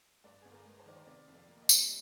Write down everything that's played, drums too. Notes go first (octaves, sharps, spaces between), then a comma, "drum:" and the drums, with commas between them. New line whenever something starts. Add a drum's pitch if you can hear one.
G2 D5
G1 G#4
A#4
G#3
C5
D#3 D5
C5
C3 D5
F2
D5
A#3
D#5
G3, drum: tambourine